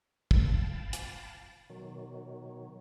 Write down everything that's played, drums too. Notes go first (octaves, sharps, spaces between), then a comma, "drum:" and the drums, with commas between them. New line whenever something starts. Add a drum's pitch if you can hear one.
F5 G5 A5 B5 A6, drum: kick
drum: hi-hat
B2 D#3 F#3